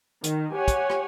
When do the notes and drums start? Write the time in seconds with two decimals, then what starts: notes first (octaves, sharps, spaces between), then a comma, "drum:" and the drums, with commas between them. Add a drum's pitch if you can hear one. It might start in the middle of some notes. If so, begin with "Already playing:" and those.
0.24 D#3, drum: hi-hat
0.54 G4 C#5 F#5 G#5
0.68 drum: kick, hi-hat
0.90 drum: rim click